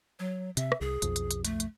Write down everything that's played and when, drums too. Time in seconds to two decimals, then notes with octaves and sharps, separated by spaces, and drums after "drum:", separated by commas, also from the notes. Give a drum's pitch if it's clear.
0.20 F#3
0.57 C3 E5, drum: hi-hat
0.72 drum: rim click
0.81 C2 G#4
1.02 B1 F2 F3, drum: hi-hat
1.16 drum: hi-hat
1.31 drum: hi-hat
1.45 A3, drum: hi-hat
1.60 drum: hi-hat